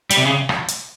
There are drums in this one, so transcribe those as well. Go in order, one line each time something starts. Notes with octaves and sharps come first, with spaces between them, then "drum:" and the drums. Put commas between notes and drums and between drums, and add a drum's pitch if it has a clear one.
G3, drum: hi-hat
C3
C#3
drum: rim click
drum: hi-hat